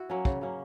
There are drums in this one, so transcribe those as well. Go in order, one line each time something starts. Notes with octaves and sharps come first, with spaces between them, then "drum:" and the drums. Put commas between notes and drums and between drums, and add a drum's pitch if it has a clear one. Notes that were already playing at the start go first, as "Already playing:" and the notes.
Already playing: E4 F#4
F#3 A#3 C#4
C#3, drum: kick
F#3 A#3 C#4